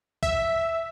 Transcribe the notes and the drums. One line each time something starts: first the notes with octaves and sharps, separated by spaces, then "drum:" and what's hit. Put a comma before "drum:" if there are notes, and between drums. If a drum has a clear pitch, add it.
E5, drum: kick